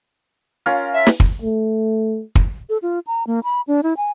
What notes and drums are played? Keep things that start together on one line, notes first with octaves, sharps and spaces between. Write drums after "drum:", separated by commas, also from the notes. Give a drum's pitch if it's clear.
C#4 F4 A#4
E5
drum: snare
drum: kick
A3
drum: kick
A4
F4
A#5
A#3
B5
D4
E4
G#5